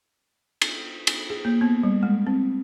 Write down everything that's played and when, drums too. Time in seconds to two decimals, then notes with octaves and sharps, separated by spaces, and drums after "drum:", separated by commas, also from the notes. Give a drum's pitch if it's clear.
0.62 drum: cymbal
1.07 drum: cymbal
1.30 G#4
1.45 A#3
1.61 B3
1.83 G3
2.03 G#3
2.27 C4